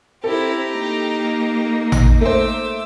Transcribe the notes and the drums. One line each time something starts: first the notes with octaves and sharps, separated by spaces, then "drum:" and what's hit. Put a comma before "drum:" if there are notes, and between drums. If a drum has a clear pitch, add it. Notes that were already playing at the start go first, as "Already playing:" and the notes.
C4 E4 G4 A4 A#5
A#3 D#4
drum: tom A1
A3 C5 D6 E6